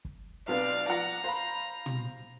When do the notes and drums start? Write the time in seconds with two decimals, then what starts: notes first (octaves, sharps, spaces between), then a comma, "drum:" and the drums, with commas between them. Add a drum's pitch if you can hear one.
0.05 drum: kick
0.48 B1 B3 C4 D5 F5
0.88 F3 F#5 A#5 A#6
1.24 C5 F5 B5
1.86 drum: tom